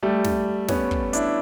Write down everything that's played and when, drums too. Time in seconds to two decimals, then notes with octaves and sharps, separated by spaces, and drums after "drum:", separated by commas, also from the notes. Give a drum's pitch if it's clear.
0.03 G3 A3
0.25 drum: snare
0.68 B3 C#4, drum: snare
0.91 drum: kick
1.13 D4 E4, drum: hi-hat